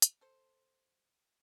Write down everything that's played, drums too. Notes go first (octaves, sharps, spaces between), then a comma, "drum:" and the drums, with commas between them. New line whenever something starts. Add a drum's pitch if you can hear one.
drum: hi-hat
A4 C5